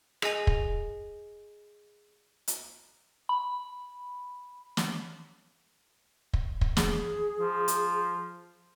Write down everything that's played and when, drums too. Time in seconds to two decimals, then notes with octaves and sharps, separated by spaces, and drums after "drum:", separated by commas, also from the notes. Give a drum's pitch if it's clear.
0.22 G#4 D#5 G#5 F7, drum: rim click
0.47 drum: kick
2.48 drum: hi-hat
3.29 B5
4.77 drum: snare
6.33 drum: kick
6.61 drum: kick
6.77 G#4, drum: snare
7.40 F3
7.68 drum: hi-hat